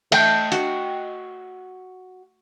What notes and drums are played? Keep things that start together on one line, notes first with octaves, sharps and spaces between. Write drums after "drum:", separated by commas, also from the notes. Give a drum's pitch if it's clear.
A3 D#5 G5, drum: cymbal
F#4, drum: hi-hat